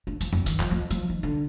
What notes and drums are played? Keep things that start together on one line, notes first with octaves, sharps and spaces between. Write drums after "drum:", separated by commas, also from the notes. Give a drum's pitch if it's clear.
D4
F3, drum: tambourine
F#2, drum: tom F2
D#3, drum: tambourine
F3, drum: clap
F2
F3, drum: tambourine
D#3
D3